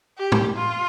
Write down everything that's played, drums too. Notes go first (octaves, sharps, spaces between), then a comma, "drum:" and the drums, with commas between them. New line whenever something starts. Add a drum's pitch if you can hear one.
G4
drum: tom
F4